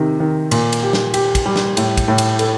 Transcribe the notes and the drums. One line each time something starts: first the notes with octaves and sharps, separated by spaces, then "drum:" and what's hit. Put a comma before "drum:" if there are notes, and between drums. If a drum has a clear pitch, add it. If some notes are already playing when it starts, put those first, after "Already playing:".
Already playing: C3 D#3
D#3
A#2, drum: cymbal
drum: cymbal
G4
drum: snare
G4, drum: cymbal
drum: kick, cymbal
G3
drum: snare
A2, drum: cymbal
drum: kick, cymbal
A2
drum: cymbal
A4, drum: cymbal